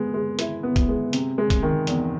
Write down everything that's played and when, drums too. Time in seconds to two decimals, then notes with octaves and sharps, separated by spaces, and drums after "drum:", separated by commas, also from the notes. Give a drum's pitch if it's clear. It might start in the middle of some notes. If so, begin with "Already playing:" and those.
Already playing: G#3 B3
0.14 G#3
0.39 E4, drum: hi-hat
0.63 B3
0.76 drum: kick, hi-hat
0.89 G#3
1.13 C3, drum: hi-hat
1.38 G#3
1.50 drum: kick, hi-hat
1.63 D#3
1.87 E2, drum: hi-hat